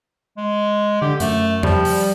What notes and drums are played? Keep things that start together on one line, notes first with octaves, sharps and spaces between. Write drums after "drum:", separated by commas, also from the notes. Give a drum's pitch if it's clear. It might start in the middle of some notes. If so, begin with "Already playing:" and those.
G#3
D3 G4
F#2 A3, drum: hi-hat
F3 G3, drum: tom E2
drum: open hi-hat